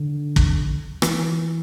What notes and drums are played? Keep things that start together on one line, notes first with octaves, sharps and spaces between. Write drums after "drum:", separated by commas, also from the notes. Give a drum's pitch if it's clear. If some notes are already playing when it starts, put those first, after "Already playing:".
Already playing: D3
drum: kick
E3, drum: rim click